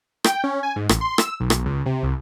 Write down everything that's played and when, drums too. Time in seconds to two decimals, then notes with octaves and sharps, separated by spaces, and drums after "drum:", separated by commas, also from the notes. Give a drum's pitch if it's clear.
0.24 G5, drum: rim click
0.44 C#4
0.63 G#5
0.76 G#2
0.89 A1, drum: rim click
1.01 C6
1.18 E6, drum: rim click
1.40 B1
1.50 drum: rim click
1.66 C#2
1.86 C3
2.03 C2